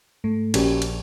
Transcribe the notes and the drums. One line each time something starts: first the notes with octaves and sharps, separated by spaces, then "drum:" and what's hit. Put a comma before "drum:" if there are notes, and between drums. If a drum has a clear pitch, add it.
G#2 A3
A#1 C#4 F#4 G4, drum: cymbal
drum: cymbal